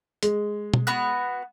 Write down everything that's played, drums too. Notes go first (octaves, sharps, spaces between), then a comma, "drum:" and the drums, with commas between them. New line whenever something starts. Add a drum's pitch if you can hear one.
G#3, drum: hi-hat
drum: tom B2
B3 F#4 F#6